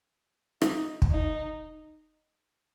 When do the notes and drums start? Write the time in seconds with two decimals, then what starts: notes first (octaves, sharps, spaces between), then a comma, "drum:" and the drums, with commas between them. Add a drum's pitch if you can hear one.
0.62 D#4, drum: rim click
1.02 drum: kick
1.11 D#4